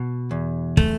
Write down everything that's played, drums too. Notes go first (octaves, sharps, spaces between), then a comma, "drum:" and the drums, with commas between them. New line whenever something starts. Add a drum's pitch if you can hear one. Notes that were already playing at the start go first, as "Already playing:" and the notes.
Already playing: B2
E2
A3, drum: kick